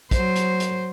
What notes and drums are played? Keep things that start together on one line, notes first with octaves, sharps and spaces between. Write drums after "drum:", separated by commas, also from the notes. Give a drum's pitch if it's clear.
F#3 C5, drum: kick, hi-hat
drum: hi-hat
drum: hi-hat